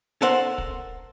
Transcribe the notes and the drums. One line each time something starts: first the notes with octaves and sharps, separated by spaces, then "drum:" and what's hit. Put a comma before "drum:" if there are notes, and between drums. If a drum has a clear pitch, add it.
A4 A#4 C5 F#5, drum: snare
drum: kick